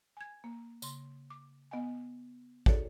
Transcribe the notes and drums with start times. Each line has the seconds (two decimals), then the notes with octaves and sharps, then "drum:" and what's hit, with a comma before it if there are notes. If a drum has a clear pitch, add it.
0.17 G#5 G#6
0.44 A#3
0.82 C#3 C6, drum: tambourine
1.30 D6
1.71 B3 D#5 F#5 G#5
2.66 D#4 F#4 G#4 A4 C#5 D5, drum: kick